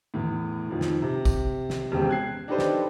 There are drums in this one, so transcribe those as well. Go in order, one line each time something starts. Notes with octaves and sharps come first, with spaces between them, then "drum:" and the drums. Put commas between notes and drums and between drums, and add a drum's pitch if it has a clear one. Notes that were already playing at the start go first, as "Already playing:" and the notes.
E2 A2
F2 D#3 F3
drum: snare
C3
drum: kick, tambourine
drum: snare
E1 E2 C#3 C4 G4
F#6 G#6 C7
D4 D#4 G4 A4 B4 C5
drum: snare